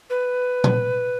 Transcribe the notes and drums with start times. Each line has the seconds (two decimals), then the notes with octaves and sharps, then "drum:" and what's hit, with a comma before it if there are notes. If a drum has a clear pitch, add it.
0.10 B4
0.64 drum: tom A#2